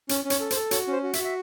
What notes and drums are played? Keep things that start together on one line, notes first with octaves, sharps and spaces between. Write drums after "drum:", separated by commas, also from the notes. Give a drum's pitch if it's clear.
C#4, drum: hi-hat
C#4
C#5, drum: hi-hat
A4
C5, drum: hi-hat
A4
F#4 C#5, drum: hi-hat
C#4 C5
F#4
E5, drum: hi-hat
F#4
E5